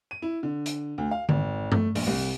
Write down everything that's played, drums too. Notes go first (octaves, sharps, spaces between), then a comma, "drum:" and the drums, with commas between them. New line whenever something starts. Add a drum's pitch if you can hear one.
D#7
E4
D3
drum: hi-hat
D2
F5
G#1, drum: tom D3
A3, drum: tom G2
A#1, drum: open hi-hat
C2